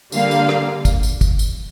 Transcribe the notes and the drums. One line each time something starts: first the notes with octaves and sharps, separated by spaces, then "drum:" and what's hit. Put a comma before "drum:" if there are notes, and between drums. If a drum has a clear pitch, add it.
D3 G3 A#3 F5, drum: tambourine
drum: tambourine
drum: rim click
drum: kick, tambourine
drum: tambourine
drum: kick, tambourine
drum: tambourine